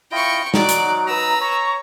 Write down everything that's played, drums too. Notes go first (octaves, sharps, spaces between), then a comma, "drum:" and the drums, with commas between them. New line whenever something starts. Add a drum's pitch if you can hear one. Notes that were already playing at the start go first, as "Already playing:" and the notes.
E4 F4 D#5 G5 C#6
F#3 D#4 F#4 D5, drum: snare
drum: hi-hat
B4 A#5 E6
C#5 A#5 C#6